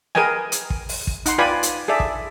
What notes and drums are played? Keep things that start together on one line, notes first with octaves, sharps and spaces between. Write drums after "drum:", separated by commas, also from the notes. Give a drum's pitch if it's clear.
G#4 A#4 B4 D#5 G5 G#5, drum: snare
drum: hi-hat
drum: kick
drum: open hi-hat
drum: kick
D#4 F#5 C6, drum: hi-hat
F4 B4 D5 G5 G#5 B5
drum: hi-hat
G#4 A4 D5 E5
drum: kick